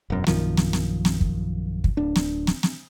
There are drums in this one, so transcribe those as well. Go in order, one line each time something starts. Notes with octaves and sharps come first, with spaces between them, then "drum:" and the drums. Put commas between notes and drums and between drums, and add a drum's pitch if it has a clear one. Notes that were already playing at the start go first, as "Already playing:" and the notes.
E1 F#2
A#1 F#2 D#3 F3, drum: snare
drum: snare
drum: snare
drum: snare
drum: kick
drum: kick
D1 D4
drum: snare
drum: snare
drum: snare